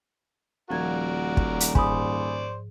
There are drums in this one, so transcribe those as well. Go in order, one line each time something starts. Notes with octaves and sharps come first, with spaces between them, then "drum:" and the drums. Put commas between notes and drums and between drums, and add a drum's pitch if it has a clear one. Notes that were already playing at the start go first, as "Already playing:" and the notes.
D#1 F3 F#4 A#4 D5 G#6
drum: kick
drum: hi-hat
G#2 C5 D5 G#5 B5 D#6, drum: kick